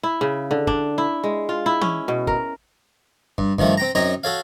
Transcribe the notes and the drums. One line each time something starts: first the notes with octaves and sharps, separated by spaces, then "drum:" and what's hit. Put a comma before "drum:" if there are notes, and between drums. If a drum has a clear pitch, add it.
E4
C#3
D3
D4, drum: kick
E4
G#3
F4
E4
C#4, drum: tom E3
B2
A#4, drum: kick
G2, drum: kick
G2 D#3 F3 A3, drum: kick
C4 G5 A#5
F#2 C4 D#4 C#5 A#5
F#4 A4 C#5 F5